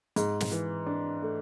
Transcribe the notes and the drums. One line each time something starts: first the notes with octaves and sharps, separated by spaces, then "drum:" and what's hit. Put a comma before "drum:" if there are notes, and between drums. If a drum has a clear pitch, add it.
G#2, drum: hi-hat
drum: snare
E3
D4
A3